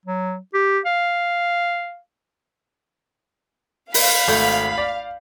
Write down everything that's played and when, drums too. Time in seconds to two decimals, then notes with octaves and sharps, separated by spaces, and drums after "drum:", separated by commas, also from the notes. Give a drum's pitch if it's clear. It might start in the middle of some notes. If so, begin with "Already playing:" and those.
0.06 F#3
0.54 G4
0.86 F5
3.94 F5 B5, drum: open hi-hat
4.28 G#1 A3 G6
4.78 D5